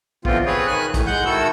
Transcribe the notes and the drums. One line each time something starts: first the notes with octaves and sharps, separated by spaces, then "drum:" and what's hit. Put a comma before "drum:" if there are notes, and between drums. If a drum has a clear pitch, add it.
D3 E3 F3 B3 C4 F4, drum: kick
C4 G#4 B4 C#5
D#3 G#5 F#6
A2 E3 A3, drum: kick, hi-hat
G#3 F#5 G6
D#3 E4 F#4 A4 E6